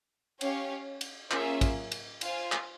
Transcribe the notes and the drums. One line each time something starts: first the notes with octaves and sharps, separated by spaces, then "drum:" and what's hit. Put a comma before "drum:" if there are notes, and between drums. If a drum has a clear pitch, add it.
C#4 G4 C#5 F5, drum: cymbal
drum: cymbal
A#3 C#4 F4 G#4 E5, drum: clap
drum: kick, cymbal
drum: cymbal
F4 C5 F5 G#5, drum: cymbal
drum: clap